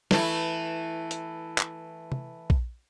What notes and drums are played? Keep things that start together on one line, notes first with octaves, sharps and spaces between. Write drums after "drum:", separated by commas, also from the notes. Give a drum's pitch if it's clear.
E3 A3 E4, drum: snare
drum: hi-hat
drum: clap
drum: tom C3
drum: kick A#1